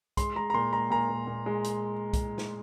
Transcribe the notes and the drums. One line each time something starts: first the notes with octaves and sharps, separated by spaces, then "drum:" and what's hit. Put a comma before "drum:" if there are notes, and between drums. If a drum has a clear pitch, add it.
G#3 C6, drum: kick C2, hi-hat
G#3 A#5
A#5
A#2 C6
G#3 A#5
A#2 A#5
A#2
A#2
G#3
drum: hi-hat
drum: kick C2, hi-hat
drum: snare